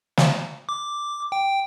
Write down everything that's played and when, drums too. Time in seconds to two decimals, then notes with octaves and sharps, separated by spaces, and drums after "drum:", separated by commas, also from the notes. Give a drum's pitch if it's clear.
0.17 drum: snare
0.69 D6
1.32 G5